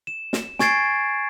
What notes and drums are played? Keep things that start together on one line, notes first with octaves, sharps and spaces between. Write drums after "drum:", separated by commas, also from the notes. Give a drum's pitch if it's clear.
E7
drum: snare
G#5 C#6 G#6 A6 C7 D7, drum: snare